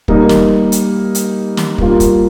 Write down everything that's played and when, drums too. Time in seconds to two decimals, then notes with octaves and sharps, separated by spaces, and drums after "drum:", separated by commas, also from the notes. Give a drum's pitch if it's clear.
0.08 G3 A#3 D#4, drum: kick
0.29 drum: snare
0.72 drum: hi-hat
1.15 drum: hi-hat
1.57 drum: snare
1.78 G3 A#3 F4, drum: kick
2.00 drum: kick, hi-hat